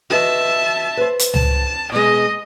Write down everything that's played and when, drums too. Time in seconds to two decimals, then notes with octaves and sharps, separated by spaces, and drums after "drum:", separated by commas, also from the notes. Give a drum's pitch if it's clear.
0.10 F#4 B4 D#5 E5 A5
0.97 B4 C5
1.19 drum: hi-hat
1.34 A5, drum: tom C#2
1.92 B2 G#3 D#5